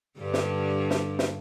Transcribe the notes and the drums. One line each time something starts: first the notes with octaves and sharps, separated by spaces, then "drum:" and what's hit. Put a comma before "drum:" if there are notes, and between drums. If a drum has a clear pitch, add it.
G2 D3 G3
drum: snare
drum: snare
drum: snare